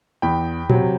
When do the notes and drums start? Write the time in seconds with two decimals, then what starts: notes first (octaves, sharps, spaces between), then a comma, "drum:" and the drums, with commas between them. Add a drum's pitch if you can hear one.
0.22 E2 G5 B5
0.70 C3 F#3, drum: tom A#2